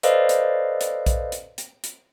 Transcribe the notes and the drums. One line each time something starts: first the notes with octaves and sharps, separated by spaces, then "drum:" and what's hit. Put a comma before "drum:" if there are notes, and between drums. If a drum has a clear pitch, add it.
A4 B4 C5 D5 D#5 F5, drum: hi-hat
drum: hi-hat
drum: hi-hat
drum: kick A#1, hi-hat
drum: hi-hat
drum: hi-hat
drum: hi-hat